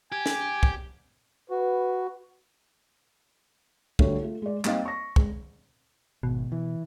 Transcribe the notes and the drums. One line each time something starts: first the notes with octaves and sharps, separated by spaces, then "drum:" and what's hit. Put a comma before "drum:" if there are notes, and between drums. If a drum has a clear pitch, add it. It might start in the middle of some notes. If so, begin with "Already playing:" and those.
G4 G#5
drum: snare
drum: kick C2
F#4 B4
D3 G3 A3 F#4 A4 C#5, drum: kick C2
A3 F4
G#3 D5
G3 A#3 C4 D#4 D#5 F5, drum: clap
C#6 A#6
G#3, drum: kick C2
G#1 B2
E3